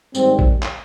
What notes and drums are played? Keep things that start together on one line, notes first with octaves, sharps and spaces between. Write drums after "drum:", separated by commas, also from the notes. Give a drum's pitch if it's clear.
G#2 D#3 G3 C4, drum: tambourine
drum: kick A#1
drum: clap